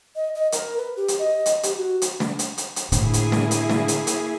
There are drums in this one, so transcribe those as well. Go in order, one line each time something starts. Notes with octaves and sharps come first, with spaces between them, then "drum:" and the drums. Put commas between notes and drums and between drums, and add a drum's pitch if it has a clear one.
D#5
D#5
A#4, drum: hi-hat
B4
G4
drum: hi-hat
D#5
drum: hi-hat
G4, drum: hi-hat
F#4
drum: hi-hat
drum: snare
drum: hi-hat
drum: hi-hat
drum: hi-hat
A2 D3 A#3 E4 G#4, drum: hi-hat
drum: hi-hat
drum: snare
drum: hi-hat
drum: snare
drum: hi-hat
drum: hi-hat